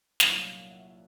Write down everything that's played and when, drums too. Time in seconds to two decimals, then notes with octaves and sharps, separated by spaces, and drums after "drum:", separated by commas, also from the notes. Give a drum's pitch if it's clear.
0.20 C2 A#2 F#3 A3 D4 F#5, drum: snare
0.36 F5
0.53 F5
0.70 E5
0.87 E5